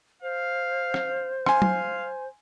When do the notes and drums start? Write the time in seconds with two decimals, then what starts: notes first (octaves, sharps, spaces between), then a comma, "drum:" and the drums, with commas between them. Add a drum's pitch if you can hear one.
0.23 C5 F5
0.94 drum: rim click
1.46 F5 G#5 C6, drum: rim click
1.62 drum: tom F#3